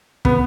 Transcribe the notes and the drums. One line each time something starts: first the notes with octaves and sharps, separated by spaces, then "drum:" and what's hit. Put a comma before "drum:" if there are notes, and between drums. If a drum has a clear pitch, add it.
B3, drum: kick